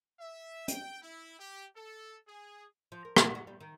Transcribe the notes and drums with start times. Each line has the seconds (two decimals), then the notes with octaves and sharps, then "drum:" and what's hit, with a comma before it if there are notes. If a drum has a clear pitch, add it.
0.19 E5
0.68 G5, drum: hi-hat
1.01 E4
1.37 G4
1.74 A4
2.25 G#4
2.92 F3
3.05 A#4
3.16 A#3, drum: rim click
3.35 F#4
3.47 G3
3.61 D#3